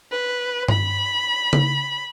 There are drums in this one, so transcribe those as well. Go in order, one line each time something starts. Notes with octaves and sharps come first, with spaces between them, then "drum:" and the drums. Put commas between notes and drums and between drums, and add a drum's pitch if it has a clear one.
B4
B5, drum: tom G2
drum: tom C#3